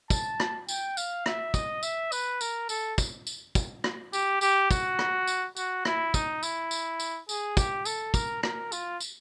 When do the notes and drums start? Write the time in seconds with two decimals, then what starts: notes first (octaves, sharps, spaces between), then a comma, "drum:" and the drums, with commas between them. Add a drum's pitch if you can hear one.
0.10 A5, drum: kick, tambourine
0.40 drum: rim click
0.69 G5, drum: tambourine
0.97 F5, drum: tambourine
1.26 E5, drum: rim click
1.54 D#5, drum: kick, tambourine
1.83 E5, drum: tambourine
2.12 B4, drum: tambourine
2.41 A#4, drum: tambourine
2.69 A4, drum: tambourine
2.98 drum: kick, tambourine
3.27 drum: tambourine
3.55 drum: kick, tambourine
3.84 drum: rim click
4.13 G4, drum: tambourine
4.41 G4, drum: tambourine
4.71 F#4, drum: kick, tambourine
4.99 drum: rim click
5.27 drum: tambourine
5.57 F#4, drum: tambourine
5.85 E4, drum: rim click
6.14 D#4, drum: kick, tambourine
6.43 E4, drum: tambourine
6.71 drum: tambourine
7.00 drum: tambourine
7.29 G#4, drum: tambourine
7.57 G4, drum: kick, tambourine
7.85 A4, drum: tambourine
8.14 A#4, drum: kick, tambourine
8.43 A#4, drum: rim click
8.72 F4, drum: tambourine
9.00 drum: tambourine